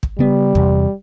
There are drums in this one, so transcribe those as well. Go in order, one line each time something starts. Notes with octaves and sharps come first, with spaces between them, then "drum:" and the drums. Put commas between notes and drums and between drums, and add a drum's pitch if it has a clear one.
drum: kick
C#3 G3 B3
E2 C3, drum: kick